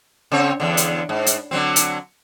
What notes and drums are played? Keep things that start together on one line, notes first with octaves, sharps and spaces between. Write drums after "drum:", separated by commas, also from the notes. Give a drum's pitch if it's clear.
C#3 C4 C#5
E2 D3
drum: hi-hat
G#2
drum: hi-hat
D3 F#3 C4
drum: hi-hat